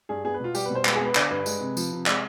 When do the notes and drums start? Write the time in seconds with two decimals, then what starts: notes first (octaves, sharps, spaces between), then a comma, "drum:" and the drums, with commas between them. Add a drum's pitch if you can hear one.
0.09 G2 G#4
0.24 B3 G#4
0.34 B4
0.40 B2 F4
0.55 G3 G4, drum: tambourine
0.66 B4
0.70 B2
0.75 C5
0.85 G#3 B4, drum: clap
0.95 G#4
1.01 B3 B4
1.15 D3 D5, drum: clap
1.30 G2 B4
1.46 G#3, drum: tambourine
1.61 C3
1.77 F3, drum: tambourine
1.92 C3
2.06 G#3 D5, drum: clap